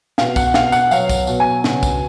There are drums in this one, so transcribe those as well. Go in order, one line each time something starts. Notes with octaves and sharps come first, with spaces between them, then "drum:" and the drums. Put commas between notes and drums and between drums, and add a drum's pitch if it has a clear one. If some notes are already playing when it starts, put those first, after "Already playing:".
B2 F5, drum: snare
F#5, drum: kick, tambourine
B2 F5, drum: snare
F#5, drum: tambourine
F#3 F5, drum: tambourine
drum: kick, tambourine
B2, drum: tambourine
G#5
C#3, drum: snare
drum: kick, tambourine